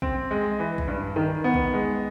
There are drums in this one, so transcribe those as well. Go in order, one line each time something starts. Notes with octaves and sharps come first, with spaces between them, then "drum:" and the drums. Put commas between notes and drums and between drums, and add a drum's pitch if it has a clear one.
C4, drum: kick B1
G#3
E3
drum: kick B1
G2
D#3
B3
drum: kick B1
G#3